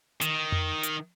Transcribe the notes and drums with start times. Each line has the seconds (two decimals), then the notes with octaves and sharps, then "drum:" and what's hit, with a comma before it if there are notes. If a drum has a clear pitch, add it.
0.21 D#3, drum: hi-hat
0.52 drum: tom F2
0.83 drum: hi-hat